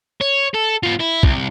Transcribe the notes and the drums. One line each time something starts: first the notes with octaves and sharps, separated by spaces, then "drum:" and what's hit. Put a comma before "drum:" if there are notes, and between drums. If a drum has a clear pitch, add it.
C#5
A4
B3 F4
E4
C2, drum: kick